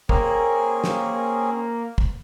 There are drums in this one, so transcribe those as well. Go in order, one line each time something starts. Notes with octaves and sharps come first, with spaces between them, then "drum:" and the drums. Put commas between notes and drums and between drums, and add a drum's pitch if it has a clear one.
A#3 C4 C#4 G#4, drum: kick
drum: snare
drum: kick